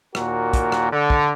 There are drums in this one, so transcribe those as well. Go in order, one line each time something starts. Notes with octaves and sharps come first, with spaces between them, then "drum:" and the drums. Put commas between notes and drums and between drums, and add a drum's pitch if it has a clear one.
D#2 A#2 F#4 A#4, drum: rim click
drum: kick, hi-hat
drum: rim click
D3
drum: kick